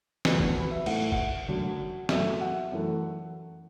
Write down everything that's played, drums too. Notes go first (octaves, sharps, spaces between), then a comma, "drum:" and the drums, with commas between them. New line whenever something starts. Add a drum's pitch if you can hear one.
E2 D3 F#3 A3 B4, drum: snare
F#4, drum: kick
B4
E5
A2 A3 F#5, drum: cymbal
F#5, drum: kick
F#2 D3 F#3 A3
F#2 F#3 A3 E5, drum: snare
F#5
F#2 E3 A3